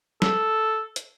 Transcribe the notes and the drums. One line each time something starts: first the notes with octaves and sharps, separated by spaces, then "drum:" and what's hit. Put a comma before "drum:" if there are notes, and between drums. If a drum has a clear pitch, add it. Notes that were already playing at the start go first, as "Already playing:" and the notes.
A4, drum: snare
drum: hi-hat